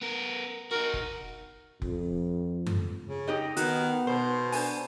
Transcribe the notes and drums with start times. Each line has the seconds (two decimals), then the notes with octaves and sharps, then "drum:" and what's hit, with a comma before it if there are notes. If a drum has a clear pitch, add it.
0.02 B3 A#4
0.71 D#4 F#4 A#4
0.94 drum: kick F1
1.82 F2, drum: kick F1
2.66 drum: tom F#2
3.08 C#3
3.28 D#4 G4 D#5
3.57 D#3 B3 F#4, drum: hi-hat
4.07 B2 C5
4.52 D4 C5 G#5, drum: open hi-hat